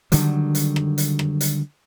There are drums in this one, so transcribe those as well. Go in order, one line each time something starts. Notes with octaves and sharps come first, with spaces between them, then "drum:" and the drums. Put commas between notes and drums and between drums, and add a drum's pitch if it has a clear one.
D3 D#3 F#3 G3, drum: hi-hat
drum: hi-hat
drum: rim click
drum: hi-hat
drum: rim click
drum: hi-hat